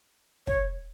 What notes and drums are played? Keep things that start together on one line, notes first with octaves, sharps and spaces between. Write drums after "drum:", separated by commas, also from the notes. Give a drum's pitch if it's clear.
C#5, drum: kick